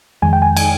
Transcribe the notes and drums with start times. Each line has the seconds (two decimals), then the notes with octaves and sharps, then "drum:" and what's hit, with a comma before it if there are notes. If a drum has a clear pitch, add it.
0.22 F2 D#3 G#3 G#5
0.33 G5
0.42 G#5
0.57 G#5, drum: cymbal